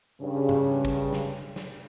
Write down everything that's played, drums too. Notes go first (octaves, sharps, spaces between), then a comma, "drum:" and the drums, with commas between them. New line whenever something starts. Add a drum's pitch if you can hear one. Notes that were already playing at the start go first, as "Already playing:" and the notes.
G2 C#3
drum: tom G2
drum: kick
drum: snare
drum: snare